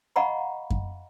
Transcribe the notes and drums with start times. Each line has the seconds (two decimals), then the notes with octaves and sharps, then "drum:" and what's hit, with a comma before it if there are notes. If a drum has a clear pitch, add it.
0.16 D#5 F5 F#5 A#5 B5 C#6
0.70 drum: kick F#2